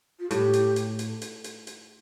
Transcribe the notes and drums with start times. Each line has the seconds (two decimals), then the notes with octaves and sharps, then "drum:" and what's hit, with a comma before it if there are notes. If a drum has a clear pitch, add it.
0.20 F4
0.31 A2 G4, drum: hi-hat
0.53 drum: hi-hat
0.76 drum: hi-hat
0.99 drum: hi-hat
1.22 drum: hi-hat
1.44 drum: hi-hat
1.67 drum: hi-hat